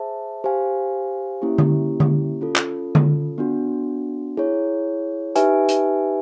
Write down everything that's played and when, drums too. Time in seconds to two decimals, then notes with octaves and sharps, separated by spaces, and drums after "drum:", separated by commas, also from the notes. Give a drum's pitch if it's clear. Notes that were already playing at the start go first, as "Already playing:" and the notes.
Already playing: G#4 C5 E5 A5
0.44 G4 C5 F5 G#5
1.42 A#3 C#4 E4 G4
1.58 drum: tom D3
2.00 drum: tom D3
2.41 C#4 F4 A4
2.56 drum: clap
2.95 drum: tom D3
3.38 B3 D4 F#4
4.37 E4 G#4 C#5
5.36 D#4 G4 B4 E5 G#5, drum: hi-hat
5.69 drum: hi-hat